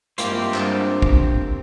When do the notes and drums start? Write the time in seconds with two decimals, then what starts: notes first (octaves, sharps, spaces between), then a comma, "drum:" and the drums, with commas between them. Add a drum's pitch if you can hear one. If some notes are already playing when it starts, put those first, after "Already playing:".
0.18 G2 G#3 A#3 C4 E4 F4 G4 C5, drum: hi-hat
0.54 drum: clap
1.02 drum: kick